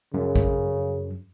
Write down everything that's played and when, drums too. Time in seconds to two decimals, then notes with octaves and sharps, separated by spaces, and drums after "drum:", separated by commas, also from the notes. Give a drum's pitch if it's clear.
0.14 F#2 C#3
0.36 drum: kick A1